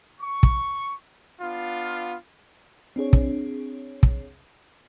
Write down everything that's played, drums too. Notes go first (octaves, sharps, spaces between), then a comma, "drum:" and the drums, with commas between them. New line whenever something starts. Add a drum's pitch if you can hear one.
C#6
drum: kick
B3 D4 F4
C4 D4 G#4 C#5
drum: kick
drum: kick